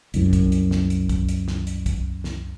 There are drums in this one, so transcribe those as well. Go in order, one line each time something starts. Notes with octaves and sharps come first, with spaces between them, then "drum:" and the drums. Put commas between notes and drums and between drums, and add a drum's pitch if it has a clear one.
C2 F#2, drum: hi-hat
drum: kick, hi-hat
drum: hi-hat
drum: snare
drum: hi-hat
drum: kick, hi-hat
drum: hi-hat
drum: snare
drum: hi-hat
drum: kick, hi-hat
drum: snare